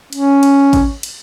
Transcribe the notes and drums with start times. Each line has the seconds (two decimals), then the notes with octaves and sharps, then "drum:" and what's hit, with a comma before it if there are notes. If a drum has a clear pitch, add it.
0.13 C#4, drum: cymbal
0.43 drum: cymbal
0.73 drum: kick A1, cymbal
1.03 drum: cymbal